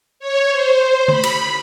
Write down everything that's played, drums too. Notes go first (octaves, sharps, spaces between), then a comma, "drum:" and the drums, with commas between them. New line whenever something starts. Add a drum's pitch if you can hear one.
C#5
C5
B5, drum: tom D3
drum: cymbal